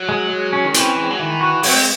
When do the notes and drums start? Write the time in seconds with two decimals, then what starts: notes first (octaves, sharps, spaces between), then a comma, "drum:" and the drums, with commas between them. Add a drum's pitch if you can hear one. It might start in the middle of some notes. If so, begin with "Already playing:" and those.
Already playing: F#3
0.09 G#3
0.30 G#3
0.53 C#4
0.64 D#3
0.74 E3 C4, drum: hi-hat
0.96 G#3
1.10 F#3
1.19 D#3 E3
1.41 F#4
1.63 F#3 C4, drum: open hi-hat
1.73 G#3